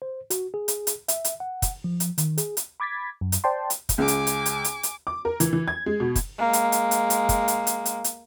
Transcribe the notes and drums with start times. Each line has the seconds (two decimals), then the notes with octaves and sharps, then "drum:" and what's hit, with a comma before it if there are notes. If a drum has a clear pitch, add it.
0.02 C5
0.30 F#4, drum: hi-hat
0.54 G#4
0.68 drum: hi-hat
0.87 drum: hi-hat
1.08 E5, drum: hi-hat
1.25 drum: hi-hat
1.40 F#5
1.62 drum: kick, hi-hat
1.84 F3
2.00 drum: hi-hat
2.18 D#3, drum: hi-hat
2.38 G#4, drum: hi-hat
2.57 drum: hi-hat
2.80 B5 D6 G#6 A6 B6
3.21 F#2
3.32 drum: hi-hat
3.44 C5 D5 G5 A5 C6
3.70 drum: hi-hat
3.89 drum: kick, hi-hat
3.98 C#2 G#5 D6
4.08 drum: hi-hat
4.27 drum: hi-hat
4.46 drum: hi-hat
4.64 drum: hi-hat
4.83 drum: hi-hat
5.07 D6
5.25 A#4
5.40 E3, drum: hi-hat
5.53 E3
5.68 G#6
5.86 G#3
6.00 B2
6.16 drum: kick, hi-hat
6.39 G#3 A#3
6.53 drum: hi-hat
6.72 drum: hi-hat
6.91 drum: hi-hat
7.10 drum: hi-hat
7.29 drum: kick, hi-hat
7.48 drum: hi-hat
7.67 drum: hi-hat
7.86 drum: hi-hat
8.04 drum: hi-hat